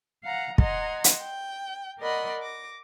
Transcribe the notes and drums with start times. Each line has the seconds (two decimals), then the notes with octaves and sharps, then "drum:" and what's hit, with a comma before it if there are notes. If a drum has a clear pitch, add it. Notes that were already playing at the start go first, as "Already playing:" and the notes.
0.24 F5 F#5 A#5
0.58 D#5 F#5 A#5 C6 G#6, drum: kick
1.04 drum: hi-hat
1.20 G5
1.99 A#4 D5 D#5 F#5 B5 C6
2.41 D6 A#6